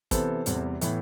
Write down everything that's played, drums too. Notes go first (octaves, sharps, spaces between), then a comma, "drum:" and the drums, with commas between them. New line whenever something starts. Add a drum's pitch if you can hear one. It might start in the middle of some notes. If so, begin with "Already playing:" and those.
C3 E3 B3 A4 C5, drum: kick, hi-hat
E2 C3 G3, drum: hi-hat
A2 E3 B3, drum: hi-hat